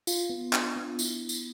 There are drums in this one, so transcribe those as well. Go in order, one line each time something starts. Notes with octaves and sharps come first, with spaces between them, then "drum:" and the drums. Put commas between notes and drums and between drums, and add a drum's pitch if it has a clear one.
F4, drum: tambourine
B3
D4, drum: clap
B3
E4, drum: tambourine
drum: tambourine